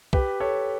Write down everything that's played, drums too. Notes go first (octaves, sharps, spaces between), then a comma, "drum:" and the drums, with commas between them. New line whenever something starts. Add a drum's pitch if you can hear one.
G4 B4, drum: kick
A4 C#5